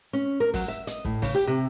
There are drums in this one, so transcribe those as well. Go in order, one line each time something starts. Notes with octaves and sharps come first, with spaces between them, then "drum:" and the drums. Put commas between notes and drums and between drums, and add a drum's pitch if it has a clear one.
C#4
A#4
F#3, drum: kick, open hi-hat
E5
D#5, drum: hi-hat
A2, drum: kick
C#3, drum: kick, open hi-hat
G4
C3